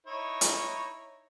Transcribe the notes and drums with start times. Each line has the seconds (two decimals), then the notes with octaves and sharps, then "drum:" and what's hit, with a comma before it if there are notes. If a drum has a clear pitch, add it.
0.07 D#4 E4 C#5
0.41 drum: hi-hat